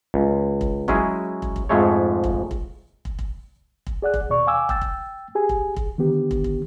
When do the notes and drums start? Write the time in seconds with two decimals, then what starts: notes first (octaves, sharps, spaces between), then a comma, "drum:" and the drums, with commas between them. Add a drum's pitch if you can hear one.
0.14 C#2
0.61 drum: kick
0.88 F#3 G#3 C#4 E4 G#4, drum: kick
1.42 drum: kick
1.56 drum: kick
1.69 F2 G#2 F3 G#3 A3 C#5
2.24 drum: kick
2.51 drum: kick
3.05 drum: kick
3.19 drum: kick
3.86 drum: kick
4.02 G#4 D5 F#5 F#6
4.14 drum: kick
4.29 D#2 B2 D5 C#6
4.47 F5 G5 G#5 D6 E6
4.69 G5 E6 A6, drum: kick
4.81 drum: kick
5.35 G4 G#4 G#5
5.49 drum: kick
5.76 drum: kick
5.98 D3 D#3 B3 G4
6.31 drum: kick
6.44 drum: kick